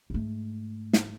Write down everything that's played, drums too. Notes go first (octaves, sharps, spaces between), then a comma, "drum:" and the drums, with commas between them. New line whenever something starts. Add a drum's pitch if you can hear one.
G#2 A3
drum: snare